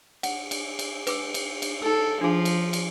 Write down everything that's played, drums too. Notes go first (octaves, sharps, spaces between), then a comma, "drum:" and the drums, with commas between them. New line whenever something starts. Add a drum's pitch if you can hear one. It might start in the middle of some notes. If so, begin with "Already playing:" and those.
F#5, drum: cymbal
drum: cymbal
drum: cymbal
B4 D6 E6, drum: cymbal
drum: cymbal
drum: cymbal
D#4 A4 E6
F3 D4 G#4
drum: cymbal
drum: cymbal